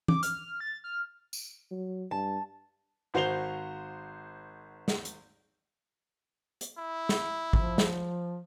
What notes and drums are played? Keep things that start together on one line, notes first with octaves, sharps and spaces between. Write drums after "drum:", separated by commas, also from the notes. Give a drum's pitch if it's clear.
D6, drum: tom
F6, drum: hi-hat
A6
F6
drum: tambourine
F#3
G2 A5
G#1 F#4 C5 C7 F7 G7
drum: snare
drum: hi-hat
drum: hi-hat
E4
drum: snare
F3, drum: kick
drum: snare